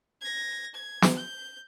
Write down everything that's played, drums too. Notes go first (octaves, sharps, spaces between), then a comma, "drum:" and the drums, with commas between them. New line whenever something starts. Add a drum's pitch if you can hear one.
G#6 A#6
G#6
drum: snare
G6